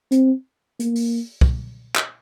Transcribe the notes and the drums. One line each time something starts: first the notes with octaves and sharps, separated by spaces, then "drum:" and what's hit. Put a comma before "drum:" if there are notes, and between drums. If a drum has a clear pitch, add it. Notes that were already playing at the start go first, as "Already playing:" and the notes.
C4, drum: hi-hat
A#3, drum: hi-hat
drum: open hi-hat
drum: kick
drum: clap